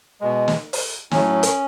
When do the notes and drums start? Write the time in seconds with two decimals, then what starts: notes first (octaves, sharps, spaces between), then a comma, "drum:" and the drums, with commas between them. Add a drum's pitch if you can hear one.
0.21 B2 G#3
0.48 drum: snare
0.73 drum: open hi-hat
1.11 A2 F#3 A3 C#4, drum: snare
1.43 drum: hi-hat